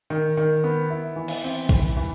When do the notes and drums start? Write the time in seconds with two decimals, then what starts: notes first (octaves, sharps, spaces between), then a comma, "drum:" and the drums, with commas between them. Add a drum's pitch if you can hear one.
0.10 D#3
0.37 D#3
0.64 B3
0.90 E4
1.16 E3
1.28 drum: cymbal
1.44 C4
1.69 E3, drum: kick
1.97 E3